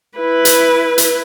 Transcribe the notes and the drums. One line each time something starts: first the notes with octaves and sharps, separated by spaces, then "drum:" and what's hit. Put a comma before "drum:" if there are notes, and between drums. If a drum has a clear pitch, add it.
E4 B4
drum: hi-hat
drum: hi-hat